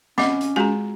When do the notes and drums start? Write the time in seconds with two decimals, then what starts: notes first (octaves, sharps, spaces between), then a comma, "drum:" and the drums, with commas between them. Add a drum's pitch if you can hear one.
0.18 C4 C#4 D#5 F#5 B5 D6, drum: snare
0.41 drum: hi-hat
0.56 G#3 F4 F#4 G#4 G#5 A#5